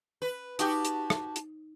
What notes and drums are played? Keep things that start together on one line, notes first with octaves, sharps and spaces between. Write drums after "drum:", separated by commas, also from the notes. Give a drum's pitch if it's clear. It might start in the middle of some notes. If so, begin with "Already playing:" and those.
B4
D#4 F#4 G4 A5 D6 G6, drum: hi-hat
drum: hi-hat
drum: rim click
drum: hi-hat